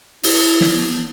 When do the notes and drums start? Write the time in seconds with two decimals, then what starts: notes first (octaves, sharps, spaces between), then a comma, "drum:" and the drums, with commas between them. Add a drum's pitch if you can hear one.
0.23 E4, drum: open hi-hat
0.61 drum: snare
0.74 B3